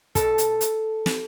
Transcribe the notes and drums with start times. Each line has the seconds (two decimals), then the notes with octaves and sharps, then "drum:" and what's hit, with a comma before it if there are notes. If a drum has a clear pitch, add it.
0.15 B2 A4, drum: kick, hi-hat
0.38 drum: hi-hat
0.61 drum: hi-hat
1.06 drum: snare